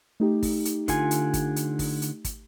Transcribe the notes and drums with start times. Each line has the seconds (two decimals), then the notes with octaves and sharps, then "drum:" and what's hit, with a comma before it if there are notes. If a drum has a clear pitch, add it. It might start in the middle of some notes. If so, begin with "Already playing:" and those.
0.20 A3 D#4 G4
0.43 drum: kick, open hi-hat
0.65 drum: hi-hat
0.88 D3 F4 G#5, drum: kick, hi-hat
1.11 drum: hi-hat
1.34 drum: kick, hi-hat
1.56 drum: hi-hat
1.79 drum: kick, open hi-hat
2.02 drum: hi-hat
2.25 drum: kick, hi-hat